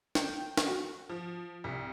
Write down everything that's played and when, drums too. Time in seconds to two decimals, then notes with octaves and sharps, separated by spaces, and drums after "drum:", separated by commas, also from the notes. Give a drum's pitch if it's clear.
0.15 G5, drum: snare
0.57 drum: snare
0.67 F#4
1.09 F3
1.64 C2